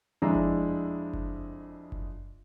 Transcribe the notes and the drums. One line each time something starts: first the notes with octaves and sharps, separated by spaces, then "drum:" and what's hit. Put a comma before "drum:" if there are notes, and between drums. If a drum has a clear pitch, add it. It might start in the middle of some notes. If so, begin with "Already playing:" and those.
F2 G#3 D4 E4 A#5 E6
drum: kick F#1
drum: kick F#1
drum: kick F#1